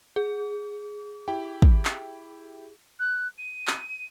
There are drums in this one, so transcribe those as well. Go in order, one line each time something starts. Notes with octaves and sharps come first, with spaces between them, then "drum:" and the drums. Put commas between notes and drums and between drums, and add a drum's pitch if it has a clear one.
G#4
E4 G4 G5
drum: kick
drum: clap
F#6
D#7
drum: clap